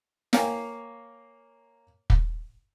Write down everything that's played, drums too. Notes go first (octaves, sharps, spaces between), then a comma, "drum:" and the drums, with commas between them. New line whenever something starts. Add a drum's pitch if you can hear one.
A#3 C#5 F5 G5 G#5, drum: snare
drum: kick